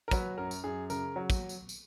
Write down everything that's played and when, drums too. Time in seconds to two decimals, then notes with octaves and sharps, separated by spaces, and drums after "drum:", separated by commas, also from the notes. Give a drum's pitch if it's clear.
0.08 A#4
0.11 F#3 B4, drum: kick, tambourine
0.38 F#2 A#4
0.51 drum: tambourine
0.64 F#2 G#4
0.90 C#3 A#4, drum: tambourine
1.16 F#3
1.30 drum: kick, tambourine
1.49 drum: tambourine
1.69 drum: tambourine